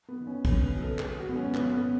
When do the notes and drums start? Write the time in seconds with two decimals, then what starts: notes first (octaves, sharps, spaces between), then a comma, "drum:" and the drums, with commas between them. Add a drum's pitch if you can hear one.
0.08 B3
0.18 F#2 D#3 F#3
0.27 C#4
0.45 F#1 C#4, drum: kick, cymbal
0.63 B4
0.72 F#2 D#3 F#3
0.82 A4
0.99 G#1 G#4, drum: clap
1.18 F#4
1.27 G#2 F#3 B3
1.36 C#4
1.54 G#1 B3, drum: clap
1.72 B3